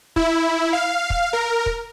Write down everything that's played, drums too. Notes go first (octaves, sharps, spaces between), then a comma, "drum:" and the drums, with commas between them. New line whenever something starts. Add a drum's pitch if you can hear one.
E4, drum: kick
F5
drum: kick
A#4
drum: kick